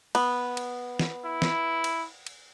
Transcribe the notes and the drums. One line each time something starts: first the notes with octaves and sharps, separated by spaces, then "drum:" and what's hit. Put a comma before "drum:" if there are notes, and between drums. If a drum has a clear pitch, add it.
B3, drum: cymbal
drum: cymbal
drum: snare
E4
drum: snare
drum: cymbal
drum: cymbal